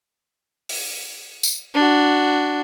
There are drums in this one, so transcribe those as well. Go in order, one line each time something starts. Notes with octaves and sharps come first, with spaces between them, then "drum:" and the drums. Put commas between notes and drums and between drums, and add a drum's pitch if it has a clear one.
drum: open hi-hat
drum: tambourine
D4 F#4